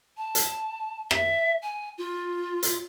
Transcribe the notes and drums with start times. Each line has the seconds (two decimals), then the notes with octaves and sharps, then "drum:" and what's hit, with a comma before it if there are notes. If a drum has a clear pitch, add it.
0.17 A5
0.35 drum: hi-hat
1.11 E5, drum: rim click
1.62 G#5
1.98 F4
2.63 drum: hi-hat